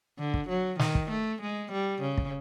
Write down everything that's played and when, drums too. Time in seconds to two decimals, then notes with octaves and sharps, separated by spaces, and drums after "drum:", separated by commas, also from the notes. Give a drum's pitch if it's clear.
0.19 D3
0.34 drum: kick
0.49 F#3
0.79 D#3, drum: snare
0.95 drum: kick
1.10 A3
1.41 G#3
1.72 G3
2.02 C#3
2.18 drum: kick